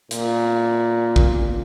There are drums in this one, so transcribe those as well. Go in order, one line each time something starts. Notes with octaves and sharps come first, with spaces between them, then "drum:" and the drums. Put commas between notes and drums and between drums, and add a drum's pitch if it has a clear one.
A#2, drum: hi-hat
drum: kick